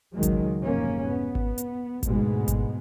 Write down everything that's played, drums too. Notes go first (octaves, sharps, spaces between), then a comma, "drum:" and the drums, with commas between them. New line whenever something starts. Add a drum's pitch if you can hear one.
C#2 D#3 F#3 G#3
drum: kick G#1, hi-hat
F1 G#2 A#3 C#4
B3
drum: kick G#1
drum: hi-hat
D2 G#2 B2 G#3 B3, drum: kick G#1, hi-hat
drum: kick G#1, hi-hat